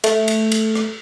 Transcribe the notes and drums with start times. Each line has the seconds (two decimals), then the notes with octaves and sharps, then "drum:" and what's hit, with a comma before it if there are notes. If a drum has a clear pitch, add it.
0.04 A3, drum: cymbal
0.28 drum: cymbal
0.52 drum: cymbal
0.75 drum: rim click